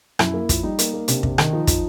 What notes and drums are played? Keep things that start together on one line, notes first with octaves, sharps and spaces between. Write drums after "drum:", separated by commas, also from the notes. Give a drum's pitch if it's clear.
F#2 E4, drum: rim click
A#3
F3, drum: kick, hi-hat
G3 D#4
A#3, drum: hi-hat
A#3
C3 D4, drum: hi-hat
C3, drum: kick
D#3, drum: rim click
F3 D#4
F3, drum: kick, hi-hat